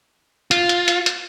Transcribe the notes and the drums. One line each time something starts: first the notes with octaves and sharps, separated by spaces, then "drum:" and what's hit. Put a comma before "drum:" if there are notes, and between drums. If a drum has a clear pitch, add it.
F4, drum: hi-hat
drum: hi-hat
drum: hi-hat
drum: hi-hat